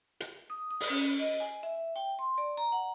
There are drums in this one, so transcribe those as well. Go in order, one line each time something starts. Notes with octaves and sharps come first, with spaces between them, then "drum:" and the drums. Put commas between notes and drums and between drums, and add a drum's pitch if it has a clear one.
drum: hi-hat
D#6
D#6
drum: open hi-hat
C#4
D#5
G#5
E5
G5
C6
D5
A#5
F#5